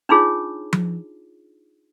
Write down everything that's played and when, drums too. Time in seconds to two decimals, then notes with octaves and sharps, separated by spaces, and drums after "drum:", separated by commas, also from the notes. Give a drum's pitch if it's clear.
0.09 D4 D#4 F4 G#4 C#5
0.73 drum: tom F3